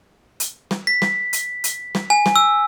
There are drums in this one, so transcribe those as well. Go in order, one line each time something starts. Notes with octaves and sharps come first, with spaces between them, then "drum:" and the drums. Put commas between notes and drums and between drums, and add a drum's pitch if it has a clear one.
drum: hi-hat
drum: snare
B6
drum: snare
drum: hi-hat
drum: hi-hat
drum: snare
G#5
drum: snare
E6